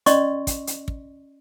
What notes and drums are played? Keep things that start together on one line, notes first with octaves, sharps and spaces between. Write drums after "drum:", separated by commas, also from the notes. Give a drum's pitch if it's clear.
C#4 D5 D#5 C6 C#6, drum: hi-hat
drum: kick, hi-hat
drum: hi-hat
drum: kick